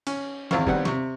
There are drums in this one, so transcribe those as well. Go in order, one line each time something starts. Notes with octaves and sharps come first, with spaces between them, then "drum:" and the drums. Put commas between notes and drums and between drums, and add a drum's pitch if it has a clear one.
C#4, drum: cymbal
G#1 E2 C4 E4 F5 C#6, drum: snare
D#2 G3 B3 C4 D5 F#5, drum: kick
C3 C#6, drum: snare